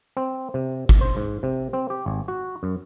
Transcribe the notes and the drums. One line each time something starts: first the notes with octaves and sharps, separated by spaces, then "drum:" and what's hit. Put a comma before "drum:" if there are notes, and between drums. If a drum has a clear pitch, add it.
C4
C3
drum: kick G#1
C5
G#2
C3
C4
G4
G#1
F#4
F#2